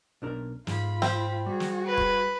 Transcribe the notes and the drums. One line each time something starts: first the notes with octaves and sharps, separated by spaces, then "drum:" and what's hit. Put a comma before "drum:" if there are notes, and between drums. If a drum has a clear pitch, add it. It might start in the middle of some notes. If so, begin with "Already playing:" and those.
B1 D4 A#4
G#2 F4 B5, drum: snare
C4, drum: snare
G3 F#4 G#4
drum: snare
B4
drum: kick